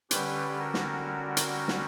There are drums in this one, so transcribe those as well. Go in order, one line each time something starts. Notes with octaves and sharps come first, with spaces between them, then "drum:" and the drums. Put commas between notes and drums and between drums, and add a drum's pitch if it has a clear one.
D3 G3 C#4 G4 B4, drum: hi-hat
F#4 A#4
drum: snare
drum: hi-hat
drum: snare